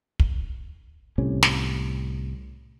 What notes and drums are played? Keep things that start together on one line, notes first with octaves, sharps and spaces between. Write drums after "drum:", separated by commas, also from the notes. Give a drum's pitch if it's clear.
drum: kick
C2 A2 C3 C#4
drum: snare